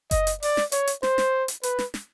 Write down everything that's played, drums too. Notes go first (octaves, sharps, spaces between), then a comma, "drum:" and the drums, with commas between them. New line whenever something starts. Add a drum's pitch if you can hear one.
D#5, drum: kick F#1, hi-hat
drum: hi-hat
D5, drum: open hi-hat
drum: snare
C#5, drum: hi-hat
drum: hi-hat
C5, drum: snare
drum: snare
drum: hi-hat
B4, drum: hi-hat
drum: snare
drum: snare